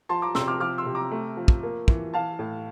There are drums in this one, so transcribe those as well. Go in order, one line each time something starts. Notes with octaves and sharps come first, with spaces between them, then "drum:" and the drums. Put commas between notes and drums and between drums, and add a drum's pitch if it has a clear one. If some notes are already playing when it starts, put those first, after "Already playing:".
F3 A5 C6
A#5 D6
C3 C6 E6, drum: snare
D6 F6
F3 D6 F6
C6 E6
C3
A#5 D6
A3
F3
drum: kick
A#3
E3, drum: kick
E3 F5 A5
A2